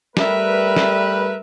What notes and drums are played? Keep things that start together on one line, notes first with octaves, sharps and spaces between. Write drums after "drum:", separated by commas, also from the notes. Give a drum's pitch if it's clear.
G3 A3 A#4 B4 E5, drum: snare
drum: snare